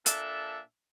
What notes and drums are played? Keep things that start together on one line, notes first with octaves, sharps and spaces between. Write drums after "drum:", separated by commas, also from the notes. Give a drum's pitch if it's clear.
A#2 D4 A4 E5, drum: hi-hat